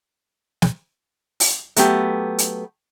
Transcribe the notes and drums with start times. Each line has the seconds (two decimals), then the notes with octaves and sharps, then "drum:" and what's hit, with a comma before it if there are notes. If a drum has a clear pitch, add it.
0.62 drum: snare
1.40 drum: open hi-hat
1.76 F#3 A3 B3 G4, drum: hi-hat
2.38 drum: hi-hat